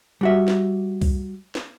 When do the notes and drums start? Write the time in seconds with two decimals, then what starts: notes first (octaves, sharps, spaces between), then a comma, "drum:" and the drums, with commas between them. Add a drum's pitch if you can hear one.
0.21 G3 F#4 E5
0.48 drum: snare
1.01 drum: kick C2, open hi-hat
1.55 drum: snare